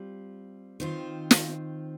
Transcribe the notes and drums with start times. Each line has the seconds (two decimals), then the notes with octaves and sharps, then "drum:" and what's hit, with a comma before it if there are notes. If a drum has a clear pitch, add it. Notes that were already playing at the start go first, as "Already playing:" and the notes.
Already playing: G3 C4 F4
0.80 D#3 C4 F4 C5
1.31 drum: snare